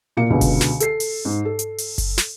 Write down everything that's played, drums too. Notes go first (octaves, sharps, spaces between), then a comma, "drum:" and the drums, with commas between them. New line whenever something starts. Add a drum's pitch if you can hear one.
A#2 A#3 C#7
C#2 B2 D3
drum: kick F#1, open hi-hat
drum: snare
A4 C7, drum: hi-hat
drum: open hi-hat
G#2
A4
drum: hi-hat
drum: open hi-hat
drum: kick F#1, open hi-hat
drum: snare